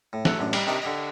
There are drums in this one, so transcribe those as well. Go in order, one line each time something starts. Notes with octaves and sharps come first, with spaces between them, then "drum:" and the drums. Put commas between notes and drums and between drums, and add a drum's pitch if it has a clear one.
A2
F#3 A3 F#4, drum: snare
A1 F#2 D4
G3 D#4, drum: cymbal
C3 D#3 D4 D#4 G4 D#6
D3 G4 D#5